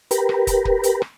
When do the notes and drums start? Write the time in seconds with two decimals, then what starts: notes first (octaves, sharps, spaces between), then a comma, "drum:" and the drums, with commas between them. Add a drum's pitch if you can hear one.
0.11 G4 A#4 B4, drum: hi-hat
0.29 drum: rim click
0.47 drum: kick, hi-hat
0.65 drum: kick
0.83 drum: hi-hat
1.02 drum: rim click